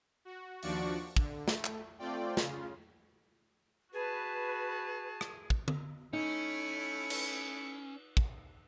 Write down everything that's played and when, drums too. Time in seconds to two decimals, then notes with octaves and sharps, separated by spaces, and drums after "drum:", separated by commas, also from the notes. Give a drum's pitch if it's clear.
0.25 F#4
0.63 D#2 F3 D4 F#4 D5 C#6, drum: open hi-hat
1.17 D3, drum: kick
1.48 A3, drum: snare
1.65 drum: clap
1.99 A3 C4 F4 D5 G5
2.37 C#3 F4, drum: snare
3.93 F#4 G#4 B4 A5
5.21 drum: rim click
5.50 drum: kick
5.68 drum: tom D3
6.13 A3 C#4 D#4 E4 C#7
7.10 drum: cymbal
8.17 drum: kick